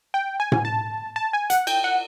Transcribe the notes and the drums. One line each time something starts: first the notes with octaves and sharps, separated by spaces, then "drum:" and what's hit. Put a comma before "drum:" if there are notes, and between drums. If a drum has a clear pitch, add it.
G5
G#5
drum: tom A2
A5
A5
G#5
F#5, drum: hi-hat
G5, drum: cymbal
F#5